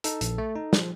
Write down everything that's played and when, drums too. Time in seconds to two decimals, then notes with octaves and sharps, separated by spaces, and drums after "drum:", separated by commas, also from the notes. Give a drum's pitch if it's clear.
0.04 D#4 A4, drum: hi-hat
0.21 A#1, drum: hi-hat
0.38 A3
0.55 D#4
0.73 F3, drum: snare